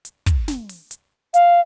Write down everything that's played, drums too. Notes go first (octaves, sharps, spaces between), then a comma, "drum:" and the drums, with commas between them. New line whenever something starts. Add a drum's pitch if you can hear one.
drum: hi-hat
drum: kick, hi-hat
drum: snare
drum: open hi-hat
drum: hi-hat
F5, drum: hi-hat